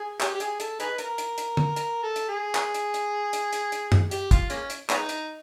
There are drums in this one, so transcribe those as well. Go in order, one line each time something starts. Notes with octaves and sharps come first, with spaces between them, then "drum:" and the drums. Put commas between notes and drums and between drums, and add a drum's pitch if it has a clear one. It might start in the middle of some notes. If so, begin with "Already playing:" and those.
Already playing: G#4
G4, drum: clap
G4
G#4, drum: hi-hat
A4, drum: hi-hat
D#4 G#4 B4, drum: hi-hat
A#4, drum: hi-hat
drum: hi-hat
drum: hi-hat
drum: tom D3
A#4, drum: hi-hat
A4
drum: hi-hat
G#4
drum: clap
drum: hi-hat
drum: hi-hat
drum: hi-hat
drum: hi-hat
drum: hi-hat
drum: tom F#2
G4, drum: hi-hat
F4, drum: kick, hi-hat
G#3 A#3 C#4, drum: hi-hat
drum: hi-hat
G#3 B3 D#4, drum: clap
drum: hi-hat